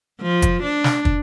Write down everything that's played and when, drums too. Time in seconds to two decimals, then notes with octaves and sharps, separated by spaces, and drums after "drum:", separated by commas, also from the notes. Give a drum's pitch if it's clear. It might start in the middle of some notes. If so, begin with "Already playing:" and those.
0.22 F3
0.42 drum: kick, hi-hat
0.63 D4
0.84 drum: snare
1.05 drum: kick